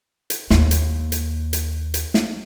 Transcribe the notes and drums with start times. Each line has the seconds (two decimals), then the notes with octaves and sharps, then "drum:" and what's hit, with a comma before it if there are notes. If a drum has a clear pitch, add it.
0.30 drum: hi-hat
0.50 D#2 A#3, drum: snare
0.71 drum: hi-hat
1.12 drum: hi-hat
1.53 drum: hi-hat
1.94 drum: hi-hat
2.14 drum: snare